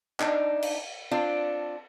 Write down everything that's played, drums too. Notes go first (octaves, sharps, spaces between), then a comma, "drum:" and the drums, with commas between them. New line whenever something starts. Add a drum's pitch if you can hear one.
D4 D#4, drum: clap
drum: cymbal
C4 D4 F4